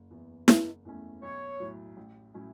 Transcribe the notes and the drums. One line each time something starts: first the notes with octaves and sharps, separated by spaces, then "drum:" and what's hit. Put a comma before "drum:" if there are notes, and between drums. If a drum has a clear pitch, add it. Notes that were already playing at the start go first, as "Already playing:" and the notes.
Already playing: F#1
E2 E3
F#1, drum: snare E4
E2 E3 A3 C#4
B1 C#5
A2 F#3
A1
A2 F#3 C#4 E4